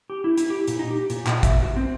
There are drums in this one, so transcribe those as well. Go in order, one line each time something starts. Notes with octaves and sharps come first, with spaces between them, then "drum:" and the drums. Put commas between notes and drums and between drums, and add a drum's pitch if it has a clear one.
G4
E4
E4, drum: hi-hat
G4
A#2, drum: hi-hat
D#4
G4
A#2, drum: hi-hat
A#2, drum: clap
E5, drum: kick, hi-hat
F#4
C4